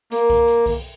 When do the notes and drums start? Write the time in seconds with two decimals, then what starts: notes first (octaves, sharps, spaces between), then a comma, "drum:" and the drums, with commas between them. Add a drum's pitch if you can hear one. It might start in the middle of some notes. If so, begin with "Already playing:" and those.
0.12 A#3, drum: hi-hat
0.30 drum: kick B1, hi-hat
0.48 drum: hi-hat
0.66 drum: kick B1, open hi-hat